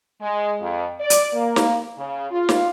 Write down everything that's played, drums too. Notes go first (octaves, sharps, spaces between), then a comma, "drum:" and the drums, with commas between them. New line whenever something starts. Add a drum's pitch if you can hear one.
G#3
F2
D5
drum: hi-hat
A#3
drum: snare
C#3
F4
drum: snare